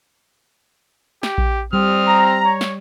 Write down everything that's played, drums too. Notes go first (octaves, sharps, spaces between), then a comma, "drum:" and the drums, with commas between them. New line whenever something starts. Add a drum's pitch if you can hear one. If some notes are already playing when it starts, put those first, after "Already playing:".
G4, drum: snare
drum: kick A#1
G3 C4 D#6 F6
A#5
C#5
drum: snare